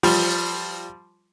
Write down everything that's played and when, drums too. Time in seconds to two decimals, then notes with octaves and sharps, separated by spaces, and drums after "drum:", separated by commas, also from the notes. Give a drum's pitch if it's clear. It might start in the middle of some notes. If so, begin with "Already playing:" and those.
0.03 F3 G3, drum: open hi-hat